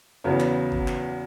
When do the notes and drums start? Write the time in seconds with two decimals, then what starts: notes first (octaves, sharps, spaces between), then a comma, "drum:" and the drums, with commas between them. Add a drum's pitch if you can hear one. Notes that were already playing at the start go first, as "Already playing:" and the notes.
0.24 E2 C#3 F#3 B3
0.40 drum: clap
0.72 drum: kick F#1
0.88 drum: clap